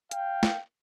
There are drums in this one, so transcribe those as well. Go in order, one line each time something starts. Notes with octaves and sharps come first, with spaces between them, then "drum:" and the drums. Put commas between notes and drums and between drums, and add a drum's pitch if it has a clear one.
F5 G5, drum: hi-hat
drum: snare